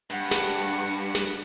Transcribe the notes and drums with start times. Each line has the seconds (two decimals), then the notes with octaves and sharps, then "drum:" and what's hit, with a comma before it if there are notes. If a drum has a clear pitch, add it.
0.10 G2 F#5
0.31 drum: snare
1.15 drum: snare